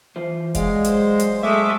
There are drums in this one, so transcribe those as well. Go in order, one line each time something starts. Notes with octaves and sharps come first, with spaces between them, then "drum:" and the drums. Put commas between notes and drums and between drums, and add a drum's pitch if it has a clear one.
E3 F4 C5
F#3 G#3 D5 F5, drum: kick F1, hi-hat
C5, drum: hi-hat
drum: hi-hat
G#3 A3 E5 D6